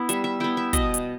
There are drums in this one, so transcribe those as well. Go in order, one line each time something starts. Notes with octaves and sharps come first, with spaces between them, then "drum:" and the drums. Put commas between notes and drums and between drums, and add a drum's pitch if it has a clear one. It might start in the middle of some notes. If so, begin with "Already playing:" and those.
Already playing: B3 E4
G3 E5, drum: hi-hat
E5
B3 E4 G5
E5
B2 D#5, drum: kick, hi-hat
drum: hi-hat